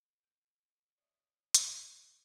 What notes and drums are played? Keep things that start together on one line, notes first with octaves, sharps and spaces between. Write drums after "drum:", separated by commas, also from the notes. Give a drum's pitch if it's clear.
G6 D7 D#7
C#5 D5 E5 D#6
A3 F4 F#4 A4 B4 C#6, drum: hi-hat